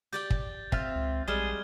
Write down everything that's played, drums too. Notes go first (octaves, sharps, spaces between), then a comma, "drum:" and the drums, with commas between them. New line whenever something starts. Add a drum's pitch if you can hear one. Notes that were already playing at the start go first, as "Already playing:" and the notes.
G4 D5 G5 G6 A6
drum: kick
C4 F4 E5 F6, drum: kick
C#2
A#1 G3 G#3 G#4 F6 G#6 G7